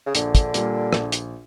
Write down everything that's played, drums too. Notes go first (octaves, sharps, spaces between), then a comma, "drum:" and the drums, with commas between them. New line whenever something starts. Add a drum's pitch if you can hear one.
C#3
A#1 D3, drum: hi-hat
drum: kick, hi-hat
A#2 G3 A#3, drum: hi-hat
A#1, drum: rim click
drum: hi-hat